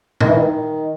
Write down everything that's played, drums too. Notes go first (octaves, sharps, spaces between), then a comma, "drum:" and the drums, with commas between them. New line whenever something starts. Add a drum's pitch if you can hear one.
D#3, drum: tom
E3
D#3